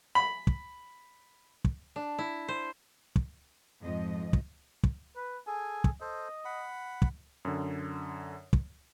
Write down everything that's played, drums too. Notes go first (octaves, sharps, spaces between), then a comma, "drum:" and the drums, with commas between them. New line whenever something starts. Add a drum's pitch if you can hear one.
B5
drum: kick
drum: kick
D4
E4
C5
drum: kick
F2 G#2 F3 D#5
drum: kick
drum: kick
B4
G#4 A4 G#5
drum: kick
A4 C5 D#5
F#5 B5
drum: kick
F#2 D3
drum: kick